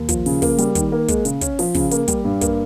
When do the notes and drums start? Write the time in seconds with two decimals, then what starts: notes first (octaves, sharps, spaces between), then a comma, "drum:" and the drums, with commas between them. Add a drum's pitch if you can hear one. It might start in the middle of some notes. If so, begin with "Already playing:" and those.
Already playing: D#2
0.09 F3, drum: kick, hi-hat
0.26 C#3, drum: open hi-hat
0.42 A#3, drum: kick, open hi-hat
0.58 G3, drum: hi-hat
0.75 D#3, drum: kick, hi-hat
0.92 A#3
1.08 G#3, drum: kick, hi-hat
1.25 C#3, drum: hi-hat
1.41 C#4, drum: kick, hi-hat
1.59 F3, drum: open hi-hat
1.74 C#3, drum: kick, open hi-hat
1.91 A#3, drum: hi-hat
2.08 G3, drum: kick, hi-hat
2.24 G2
2.41 A#3, drum: kick, hi-hat